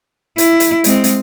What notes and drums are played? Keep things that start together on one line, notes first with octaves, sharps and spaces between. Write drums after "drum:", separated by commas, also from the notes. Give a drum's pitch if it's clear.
E4, drum: hi-hat
drum: hi-hat
G#3 C4, drum: hi-hat
drum: hi-hat